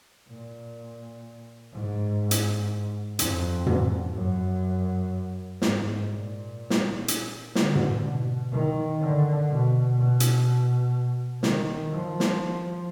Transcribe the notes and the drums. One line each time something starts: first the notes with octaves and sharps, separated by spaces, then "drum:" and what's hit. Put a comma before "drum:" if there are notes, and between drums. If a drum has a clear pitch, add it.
A#2
G#2
drum: hi-hat
F2, drum: hi-hat
drum: tom
F#2
G#2, drum: snare
A#2
drum: snare
drum: hi-hat
D3, drum: snare
drum: tom
B2
D#3
D3
B2
B2
drum: hi-hat
D#3, drum: snare
F3
drum: snare